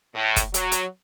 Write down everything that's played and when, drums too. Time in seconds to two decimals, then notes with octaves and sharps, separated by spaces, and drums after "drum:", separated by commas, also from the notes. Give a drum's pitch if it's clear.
0.15 A2
0.36 drum: kick, hi-hat
0.54 F#3, drum: hi-hat
0.72 drum: hi-hat